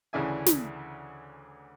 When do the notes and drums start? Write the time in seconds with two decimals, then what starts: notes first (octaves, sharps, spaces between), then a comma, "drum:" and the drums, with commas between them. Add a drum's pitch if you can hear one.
0.13 D2 C#3 E3 D4 E5 G#5
0.46 drum: snare